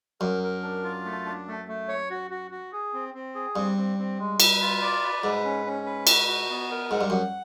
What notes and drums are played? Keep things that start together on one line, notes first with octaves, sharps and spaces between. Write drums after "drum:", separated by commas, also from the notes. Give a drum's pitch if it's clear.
F#2 A#4
A#4
D4
F4
A3
D4
A3
A3
C#5
F#4
F#4
F#4
G#4
C4
C4
G#4
G2 C4
C4
C4
G#3
B4, drum: cymbal
F4
D5
B4
G#2 B4
C#4
C#4
B4
F#4, drum: cymbal
F#4
B3
A#4
G#2 F#5
G2
F#2 F#5